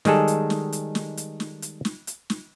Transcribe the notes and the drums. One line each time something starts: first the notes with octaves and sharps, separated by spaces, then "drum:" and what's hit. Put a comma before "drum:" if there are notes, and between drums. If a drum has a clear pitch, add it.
D#3 G3 G#3 G#4 A4, drum: snare
drum: hi-hat
drum: snare
drum: hi-hat
drum: snare
drum: hi-hat
drum: snare
drum: hi-hat
drum: snare
drum: hi-hat
drum: snare